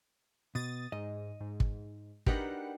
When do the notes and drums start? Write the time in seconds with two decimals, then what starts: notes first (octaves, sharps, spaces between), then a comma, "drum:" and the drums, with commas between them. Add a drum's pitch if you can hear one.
0.55 B2 D#6 A6
0.92 G#2 D#5
1.41 G#2
1.60 drum: kick
2.26 D4 D#4 G4 A#4 B4 F#5, drum: kick